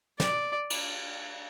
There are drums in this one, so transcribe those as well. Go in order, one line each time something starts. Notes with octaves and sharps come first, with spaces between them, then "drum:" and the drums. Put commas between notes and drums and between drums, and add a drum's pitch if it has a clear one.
D5, drum: snare
drum: cymbal